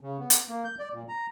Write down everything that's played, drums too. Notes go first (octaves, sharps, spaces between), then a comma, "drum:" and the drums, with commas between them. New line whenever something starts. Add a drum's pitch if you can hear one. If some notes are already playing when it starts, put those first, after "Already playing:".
C#3
B3
drum: hi-hat
A#3
G6
D5
A#2
A#5